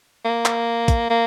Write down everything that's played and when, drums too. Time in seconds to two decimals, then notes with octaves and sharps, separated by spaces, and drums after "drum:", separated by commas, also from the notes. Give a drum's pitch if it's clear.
0.25 A#3
0.45 drum: clap
0.88 drum: kick, hi-hat
1.10 A#3